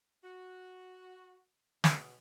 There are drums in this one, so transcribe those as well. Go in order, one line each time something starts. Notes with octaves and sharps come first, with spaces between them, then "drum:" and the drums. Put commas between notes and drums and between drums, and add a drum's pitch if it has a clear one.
F#4
B2, drum: snare